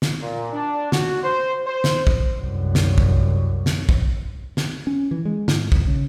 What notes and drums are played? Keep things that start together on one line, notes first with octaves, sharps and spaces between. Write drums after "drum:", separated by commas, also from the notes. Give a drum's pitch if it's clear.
drum: snare
A#2
D4
F#4, drum: snare
C5
C5
drum: snare
drum: kick
C2 F#2
drum: snare
drum: kick
drum: snare
drum: kick
drum: snare
C#4
E3
G#3
G#2, drum: snare
D#2, drum: kick
C#3